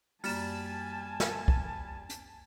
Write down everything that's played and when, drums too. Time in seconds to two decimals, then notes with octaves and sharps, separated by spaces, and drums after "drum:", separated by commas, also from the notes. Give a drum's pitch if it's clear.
0.24 F#2 G3 A#3 G#5 A5 F6 A6 E7, drum: open hi-hat
1.20 drum: snare
1.48 drum: kick
2.10 drum: hi-hat